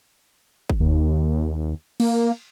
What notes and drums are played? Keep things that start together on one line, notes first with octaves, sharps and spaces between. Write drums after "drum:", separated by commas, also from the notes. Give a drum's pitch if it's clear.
drum: kick
D#2
A#3, drum: cymbal